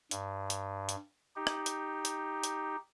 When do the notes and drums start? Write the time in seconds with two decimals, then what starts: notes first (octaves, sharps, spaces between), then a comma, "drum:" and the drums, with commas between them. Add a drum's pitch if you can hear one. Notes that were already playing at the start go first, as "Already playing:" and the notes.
0.11 G2, drum: hi-hat
0.50 drum: hi-hat
0.89 drum: hi-hat
1.36 D#4 G4
1.47 drum: rim click
1.66 drum: hi-hat
2.05 drum: hi-hat
2.44 drum: hi-hat